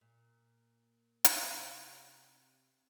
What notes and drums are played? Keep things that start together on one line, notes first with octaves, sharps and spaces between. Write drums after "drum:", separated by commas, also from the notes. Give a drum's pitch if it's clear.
A#2
drum: hi-hat
C3